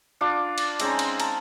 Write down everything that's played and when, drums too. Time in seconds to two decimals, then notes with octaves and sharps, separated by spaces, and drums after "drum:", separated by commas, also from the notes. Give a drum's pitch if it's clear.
0.21 D4 F4 D5 D6
0.58 drum: cymbal
0.80 G#3 C4 C#4 D#4, drum: cymbal
0.99 drum: cymbal
1.20 A5 A#5, drum: cymbal